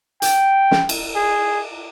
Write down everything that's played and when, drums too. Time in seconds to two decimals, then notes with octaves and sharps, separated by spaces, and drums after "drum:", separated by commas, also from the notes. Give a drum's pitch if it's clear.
0.22 G5, drum: hi-hat
0.71 drum: snare
0.89 drum: cymbal
1.15 G#4